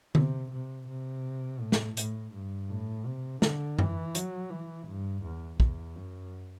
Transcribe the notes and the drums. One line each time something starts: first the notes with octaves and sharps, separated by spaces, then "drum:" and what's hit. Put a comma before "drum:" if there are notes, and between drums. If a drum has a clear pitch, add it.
C3, drum: tom D3
C3
C3
A2
drum: snare
A2, drum: hi-hat
G2
A2
C3
D3, drum: snare
E3, drum: tom F#2
F#3, drum: hi-hat
E3
G2
E2
E2, drum: kick
F#2